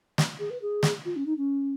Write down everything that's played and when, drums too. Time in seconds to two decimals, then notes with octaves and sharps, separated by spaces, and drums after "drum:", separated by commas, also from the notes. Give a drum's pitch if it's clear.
0.18 drum: snare
0.39 G#4
0.50 B4
0.61 G#4
0.83 drum: snare
1.05 F4
1.16 C#4
1.26 D#4
1.37 C#4